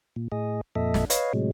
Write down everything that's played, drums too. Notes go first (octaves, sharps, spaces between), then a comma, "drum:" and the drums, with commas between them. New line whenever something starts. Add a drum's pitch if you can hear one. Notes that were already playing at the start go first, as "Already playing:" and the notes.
A#2
A2 G#4 D#5
F2 A#2 A4 D#5 E5
drum: snare
B4 C#5 D#5 F5, drum: hi-hat
A2 C3 F#3 G#3